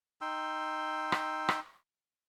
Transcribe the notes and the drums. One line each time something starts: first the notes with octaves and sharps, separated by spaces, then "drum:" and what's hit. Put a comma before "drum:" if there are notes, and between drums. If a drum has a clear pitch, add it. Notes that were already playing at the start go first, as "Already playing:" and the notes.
D#4 G5 C6 E6
drum: rim click
drum: rim click